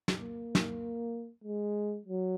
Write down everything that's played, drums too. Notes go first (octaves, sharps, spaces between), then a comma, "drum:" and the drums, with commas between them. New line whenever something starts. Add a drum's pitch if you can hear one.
drum: snare
A#3
drum: snare
G#3
F#3